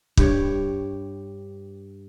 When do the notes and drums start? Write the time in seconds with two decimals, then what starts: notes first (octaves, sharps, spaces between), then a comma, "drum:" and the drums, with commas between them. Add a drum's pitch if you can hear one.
0.17 G2 G4 C#5, drum: kick